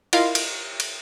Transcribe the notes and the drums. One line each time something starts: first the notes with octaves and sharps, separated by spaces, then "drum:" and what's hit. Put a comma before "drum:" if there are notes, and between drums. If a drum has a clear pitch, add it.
E4 F4 A#4 D#5 F5, drum: cymbal
drum: cymbal
drum: cymbal